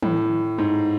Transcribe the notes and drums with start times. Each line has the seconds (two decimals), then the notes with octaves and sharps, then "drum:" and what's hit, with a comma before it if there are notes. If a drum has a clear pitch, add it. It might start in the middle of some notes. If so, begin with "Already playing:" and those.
0.02 A2, drum: tom
0.58 G#2